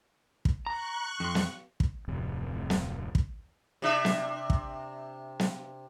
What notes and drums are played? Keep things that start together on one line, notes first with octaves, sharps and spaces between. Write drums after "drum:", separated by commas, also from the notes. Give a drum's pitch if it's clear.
drum: kick
A#5 C#6 F#6
F2 C6
drum: snare
drum: kick
D1 F2 C3
drum: snare
drum: kick
C3 D4 E5
drum: snare
drum: kick
drum: snare